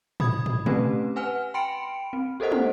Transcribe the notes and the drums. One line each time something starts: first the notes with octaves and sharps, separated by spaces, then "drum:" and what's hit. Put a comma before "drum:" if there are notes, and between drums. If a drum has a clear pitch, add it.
B5 D#6 G#6, drum: tom
drum: tom
A3 C4 C#4 G4 B4, drum: tom
B4 F#5 G#5 F6
G5 B5 C6 C#7 D7
C4
G4 A4 A#4 C5 D#5 F#5
drum: tom